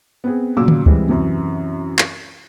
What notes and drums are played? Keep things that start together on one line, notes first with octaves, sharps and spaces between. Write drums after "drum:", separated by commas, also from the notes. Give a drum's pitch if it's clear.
B3 C4 G#4
A#2 C#3 F#3 D6 E6
drum: tom D3
E3 G3 G#3 C4, drum: kick
F#2 C3 E3
drum: clap